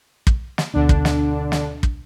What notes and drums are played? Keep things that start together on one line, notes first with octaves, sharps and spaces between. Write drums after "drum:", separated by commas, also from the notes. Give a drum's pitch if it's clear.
drum: kick
drum: snare
D2 B2 D3 D4
drum: kick
drum: snare
drum: snare
drum: kick